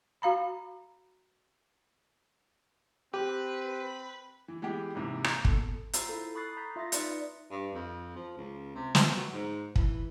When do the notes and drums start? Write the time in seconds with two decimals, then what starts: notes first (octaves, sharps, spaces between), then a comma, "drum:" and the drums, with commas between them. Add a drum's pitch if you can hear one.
0.22 F#4 F5 A#5 B5
3.14 C4 G4 B4
4.48 E3
4.62 E3 G#3 B3 G4
4.95 D#2 G#2 C3 E3
5.24 A#5, drum: rim click
5.45 B2 A4, drum: kick
5.93 F4 C5 A#5 E6 A6 C7, drum: hi-hat
6.09 E4 A4
6.35 B5 C#6 D#6 F#6 A6 C7
6.57 A#5 D#6 G6 A6 B6
6.76 F4 E5 C6 D#6 A6 A#6
6.92 D#4 B4 D5 C#7, drum: hi-hat
7.51 G2
7.74 F2
8.16 F3
8.37 C#2
8.75 C3
8.95 F3, drum: snare
9.16 F#3
9.32 G#2
9.76 E3, drum: kick